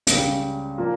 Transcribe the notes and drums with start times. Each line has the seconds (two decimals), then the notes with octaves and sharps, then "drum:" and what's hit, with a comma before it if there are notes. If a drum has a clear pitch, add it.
0.07 C#2 C#3 G3, drum: hi-hat
0.78 A#2 F3 A#3 F4 A#4